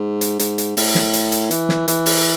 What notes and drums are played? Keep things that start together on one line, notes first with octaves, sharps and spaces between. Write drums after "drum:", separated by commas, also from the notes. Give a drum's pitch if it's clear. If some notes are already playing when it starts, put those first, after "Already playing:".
Already playing: G#2
drum: hi-hat
G#2, drum: hi-hat
drum: hi-hat
A2, drum: open hi-hat
drum: snare
drum: hi-hat
drum: hi-hat
E3, drum: hi-hat
drum: snare
E3, drum: hi-hat
drum: open hi-hat